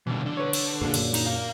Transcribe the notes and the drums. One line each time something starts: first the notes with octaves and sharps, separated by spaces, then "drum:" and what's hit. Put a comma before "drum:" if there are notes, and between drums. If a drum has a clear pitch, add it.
B2 D3 E3 G3
D3
B4 C#5
drum: cymbal
F#2 A#2 A#3 D4 G#4
drum: cymbal
D#4, drum: cymbal
A#4 F5